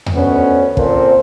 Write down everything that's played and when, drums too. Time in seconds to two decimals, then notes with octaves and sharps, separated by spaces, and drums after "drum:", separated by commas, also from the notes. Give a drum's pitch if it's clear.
0.06 drum: tom E2
0.15 D2 B3 C#4
0.77 A#2 A#3 C4 A4 C5, drum: kick